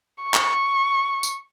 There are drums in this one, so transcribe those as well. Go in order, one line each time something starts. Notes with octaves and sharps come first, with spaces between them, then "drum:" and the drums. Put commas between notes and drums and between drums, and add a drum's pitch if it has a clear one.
C#6
drum: clap
drum: tambourine